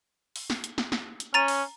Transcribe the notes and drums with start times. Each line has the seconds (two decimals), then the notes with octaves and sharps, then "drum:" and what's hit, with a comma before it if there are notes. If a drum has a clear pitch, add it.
0.36 drum: open hi-hat
0.50 drum: snare
0.64 drum: hi-hat
0.78 drum: snare
0.92 drum: snare
1.20 drum: hi-hat
1.34 C#4 A#5 A6 D#7
1.48 drum: open hi-hat